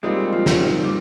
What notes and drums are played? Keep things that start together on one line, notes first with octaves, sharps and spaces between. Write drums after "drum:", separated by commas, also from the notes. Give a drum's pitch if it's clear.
A#2 G3 G#3 C4 D#4
F3
drum: snare
D#3
G3